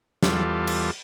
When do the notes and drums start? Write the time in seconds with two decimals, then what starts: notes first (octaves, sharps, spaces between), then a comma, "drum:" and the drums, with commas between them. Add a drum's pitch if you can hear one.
0.23 E2 G3 F4 A4, drum: snare
0.67 drum: cymbal